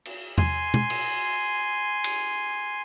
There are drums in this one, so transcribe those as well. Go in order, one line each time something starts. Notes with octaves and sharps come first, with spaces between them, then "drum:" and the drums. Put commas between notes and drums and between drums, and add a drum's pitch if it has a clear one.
drum: cymbal
G#5 C6, drum: tom E2
drum: tom B2
drum: cymbal
drum: cymbal